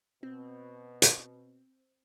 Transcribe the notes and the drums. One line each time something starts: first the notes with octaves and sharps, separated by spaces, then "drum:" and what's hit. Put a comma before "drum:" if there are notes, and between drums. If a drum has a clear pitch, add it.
B2 C4
drum: hi-hat